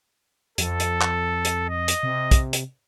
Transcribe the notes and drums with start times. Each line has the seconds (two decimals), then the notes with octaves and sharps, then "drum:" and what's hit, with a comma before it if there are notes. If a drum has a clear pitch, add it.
0.58 F2 A4, drum: hi-hat
0.80 drum: hi-hat
1.01 drum: clap
1.45 drum: hi-hat
1.70 D#5
1.88 drum: hi-hat
2.03 C3
2.31 drum: kick, hi-hat
2.53 drum: hi-hat